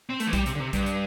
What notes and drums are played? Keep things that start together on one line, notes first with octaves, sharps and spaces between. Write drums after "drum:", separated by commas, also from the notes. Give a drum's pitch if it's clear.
C4
A3, drum: hi-hat
E3
G3, drum: kick, hi-hat
C3, drum: hi-hat
D3
C3
G2, drum: kick, hi-hat
drum: hi-hat